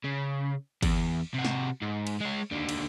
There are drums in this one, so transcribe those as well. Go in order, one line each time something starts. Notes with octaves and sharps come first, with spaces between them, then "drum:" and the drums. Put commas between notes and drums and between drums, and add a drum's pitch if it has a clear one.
C#3
E2, drum: kick, cymbal
C3 F#4
drum: snare
G#2
drum: cymbal
G#3 C#5
D#2 D3
drum: cymbal